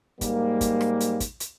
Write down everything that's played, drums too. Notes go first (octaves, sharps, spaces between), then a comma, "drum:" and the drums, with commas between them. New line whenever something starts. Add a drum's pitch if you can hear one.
G#2 G3 A#3, drum: kick, hi-hat
drum: kick, hi-hat
drum: rim click
drum: hi-hat
drum: kick, hi-hat
drum: hi-hat